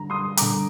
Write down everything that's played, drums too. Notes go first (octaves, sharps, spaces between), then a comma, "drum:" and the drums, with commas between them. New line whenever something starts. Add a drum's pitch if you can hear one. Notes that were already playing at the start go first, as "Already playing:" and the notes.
Already playing: G2 D3 A#5
C6 D#6
G2 D3 A#5 D6, drum: hi-hat